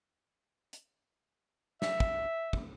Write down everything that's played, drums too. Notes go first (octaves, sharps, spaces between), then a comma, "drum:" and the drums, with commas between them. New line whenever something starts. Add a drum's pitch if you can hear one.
drum: hi-hat
E5, drum: snare
drum: kick
drum: kick